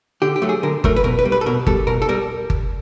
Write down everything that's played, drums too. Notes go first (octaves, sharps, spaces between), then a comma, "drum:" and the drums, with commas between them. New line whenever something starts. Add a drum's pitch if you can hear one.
D3 G4
G4
F#3 A3
G#4
D3 A#4
F#3 A3 A#4, drum: kick G1
B4
B2 A#4
B4
G3
B4
A4
B2 A#4
G3 A4, drum: kick G1
B2 A#4
A4
G3 A#4
drum: kick G1